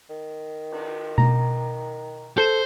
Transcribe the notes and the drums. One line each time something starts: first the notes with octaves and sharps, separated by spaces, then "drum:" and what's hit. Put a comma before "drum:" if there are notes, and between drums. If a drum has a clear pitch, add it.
D#3
drum: cymbal
A#5, drum: tom B2
A4 C5 G6